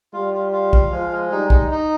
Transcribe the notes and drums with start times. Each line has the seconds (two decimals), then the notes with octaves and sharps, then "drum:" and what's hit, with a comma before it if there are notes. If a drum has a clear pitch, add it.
0.13 G3 F4
0.34 F4
0.52 F4
0.73 F5, drum: kick
0.91 F3 G#3
1.12 G#3
1.31 G3 D#4
1.50 D#4, drum: kick
1.71 D#4